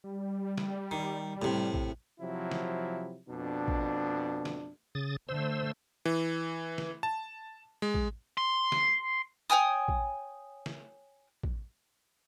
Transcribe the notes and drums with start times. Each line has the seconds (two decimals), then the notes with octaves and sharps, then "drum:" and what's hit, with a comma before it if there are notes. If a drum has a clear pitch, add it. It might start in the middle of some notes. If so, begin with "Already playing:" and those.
0.04 G3
0.58 drum: snare
0.91 D#3
1.42 A2 C3
1.74 drum: kick
2.21 C3 F3 F#3 E4
2.51 drum: snare
3.29 F2 B2 D4
3.68 drum: kick
4.45 drum: snare
4.95 C#3 D#6 A6
5.29 D3 A3 C5 E6
6.05 E3
6.78 drum: snare
7.03 A5
7.82 G#3
7.94 drum: kick
8.37 C6
8.72 drum: snare
9.50 C#5 G5 G#5 D#6
9.88 drum: kick
10.66 drum: snare
11.43 drum: kick